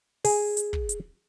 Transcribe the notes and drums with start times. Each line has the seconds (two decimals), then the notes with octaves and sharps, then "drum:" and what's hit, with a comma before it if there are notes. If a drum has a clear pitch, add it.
0.25 G#4, drum: open hi-hat
0.57 drum: hi-hat
0.73 drum: kick
0.89 drum: hi-hat